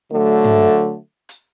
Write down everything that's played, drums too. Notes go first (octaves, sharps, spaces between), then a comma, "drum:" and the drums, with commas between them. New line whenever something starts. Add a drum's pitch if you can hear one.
D3 F#3 A3
drum: tom
drum: hi-hat